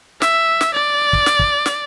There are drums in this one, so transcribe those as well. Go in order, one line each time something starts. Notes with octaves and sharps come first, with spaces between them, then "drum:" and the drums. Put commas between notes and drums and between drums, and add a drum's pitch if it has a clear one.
E5, drum: snare
drum: snare
D5
drum: kick
drum: snare
drum: kick
drum: snare